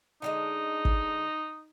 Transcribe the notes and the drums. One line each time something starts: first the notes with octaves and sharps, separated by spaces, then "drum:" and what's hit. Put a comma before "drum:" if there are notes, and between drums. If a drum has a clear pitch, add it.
D3 G3 G#3 D#4
drum: kick